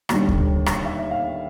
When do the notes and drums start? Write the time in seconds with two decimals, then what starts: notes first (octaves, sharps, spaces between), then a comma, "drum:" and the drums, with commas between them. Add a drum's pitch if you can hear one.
0.09 D#2 D3 G3, drum: rim click
0.29 drum: kick D2
0.66 drum: rim click
0.85 E5
1.11 F5